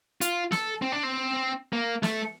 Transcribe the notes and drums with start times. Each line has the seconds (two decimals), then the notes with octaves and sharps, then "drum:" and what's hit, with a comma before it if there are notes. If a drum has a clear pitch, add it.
0.21 F4, drum: hi-hat
0.52 A4, drum: snare
0.82 C4
0.92 D4
1.03 C4
1.73 A#3
2.03 A3, drum: snare